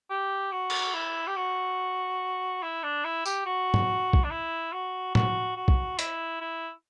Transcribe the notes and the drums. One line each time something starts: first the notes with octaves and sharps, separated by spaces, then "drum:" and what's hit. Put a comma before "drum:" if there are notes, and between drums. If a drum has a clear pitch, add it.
G4
F#4
drum: cymbal
E4
G4
F#4
E4
D4
E4
G4, drum: tambourine
F#4
drum: tom
drum: kick
D4
E4
F#4
F#4, drum: tom
F#4
drum: kick
E4, drum: hi-hat
E4